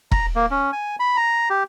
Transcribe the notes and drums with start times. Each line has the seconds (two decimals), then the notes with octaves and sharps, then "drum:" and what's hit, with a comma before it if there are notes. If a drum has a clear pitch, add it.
0.11 A#5, drum: kick E1
0.35 A#3
0.51 C#4
0.73 G#5
1.00 B5
1.17 A#5
1.50 G4